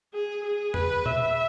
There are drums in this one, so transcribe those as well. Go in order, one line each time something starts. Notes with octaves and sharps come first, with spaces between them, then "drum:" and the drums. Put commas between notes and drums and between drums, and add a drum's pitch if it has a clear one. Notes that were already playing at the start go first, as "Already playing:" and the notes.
G#4
G#4
B4, drum: tom E2
E5, drum: tom B2